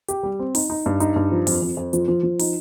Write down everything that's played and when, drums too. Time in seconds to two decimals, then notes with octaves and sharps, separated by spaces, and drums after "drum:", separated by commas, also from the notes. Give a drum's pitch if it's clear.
0.08 G4, drum: hi-hat
0.23 G3
0.39 C4
0.55 D#4, drum: open hi-hat
0.70 D#4
0.86 G2
1.00 D#4, drum: hi-hat
1.16 G2
1.32 F3
1.47 F2, drum: open hi-hat
1.62 F2
1.77 F2
1.93 F3, drum: hi-hat
2.08 F3
2.23 F3
2.39 D#4, drum: open hi-hat